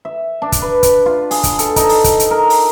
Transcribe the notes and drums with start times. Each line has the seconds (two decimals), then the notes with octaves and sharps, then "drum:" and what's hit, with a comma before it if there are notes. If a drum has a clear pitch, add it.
0.05 E5
0.42 D4
0.52 drum: kick, hi-hat
0.62 B4
0.83 drum: kick, hi-hat
1.06 F4
1.31 G#4, drum: open hi-hat
1.44 drum: kick, hi-hat
1.59 A4, drum: hi-hat
1.76 D#4, drum: kick, hi-hat
1.89 drum: open hi-hat
2.04 drum: kick, hi-hat
2.19 drum: hi-hat
2.31 A#4
2.50 drum: open hi-hat